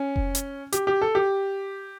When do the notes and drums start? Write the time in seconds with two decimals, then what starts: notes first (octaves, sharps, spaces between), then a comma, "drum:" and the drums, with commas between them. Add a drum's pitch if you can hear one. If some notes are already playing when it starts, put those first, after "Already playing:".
Already playing: C#4
0.16 drum: kick F1
0.35 drum: hi-hat
0.72 G4, drum: hi-hat
0.87 G4
1.02 A4
1.15 G4